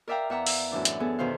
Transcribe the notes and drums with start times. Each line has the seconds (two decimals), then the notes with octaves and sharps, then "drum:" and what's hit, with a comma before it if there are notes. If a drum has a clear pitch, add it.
0.08 A#4 D5 E5 F5 G5 A#5
0.30 E2 E5 F#5 A#5 E6
0.46 E6, drum: open hi-hat
0.71 F#2 A2 E3 D4
0.85 drum: hi-hat
1.00 B3 G#4 A4
1.19 E2 B2 D#3 B4 C5 F5